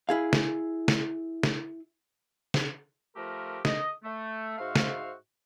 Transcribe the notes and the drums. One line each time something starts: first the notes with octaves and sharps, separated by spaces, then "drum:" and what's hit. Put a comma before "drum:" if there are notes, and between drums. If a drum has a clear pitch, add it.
E4 G#4 F5
drum: snare
drum: snare
drum: snare
drum: snare
F3 A3 F4 G4 A#4
D#5, drum: snare
A3
G#2 F#4 C5 E5 F5
drum: snare